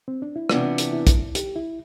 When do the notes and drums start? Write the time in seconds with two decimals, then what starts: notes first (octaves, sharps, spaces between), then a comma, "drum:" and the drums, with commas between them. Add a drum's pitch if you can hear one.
0.08 C4
0.22 D4
0.36 E4
0.49 C3 E3 B3 D4 F4, drum: rim click
0.78 drum: hi-hat
0.93 E4
1.07 drum: kick, hi-hat
1.35 G4, drum: hi-hat
1.56 E4